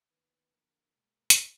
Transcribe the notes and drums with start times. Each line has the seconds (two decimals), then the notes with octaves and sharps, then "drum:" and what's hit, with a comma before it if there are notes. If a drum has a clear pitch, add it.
0.10 D#3 A#3 B3 B4
0.52 D3 F3 A#3 A#4
0.96 B2 G#3
1.30 drum: hi-hat